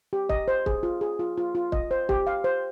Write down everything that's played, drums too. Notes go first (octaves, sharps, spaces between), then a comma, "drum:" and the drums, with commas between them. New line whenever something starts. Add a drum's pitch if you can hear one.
G4
D#5, drum: kick
C5
G#4, drum: kick
F4
G#4
F4
F4
F4
D#5, drum: kick
C5
G4, drum: kick
F5
C5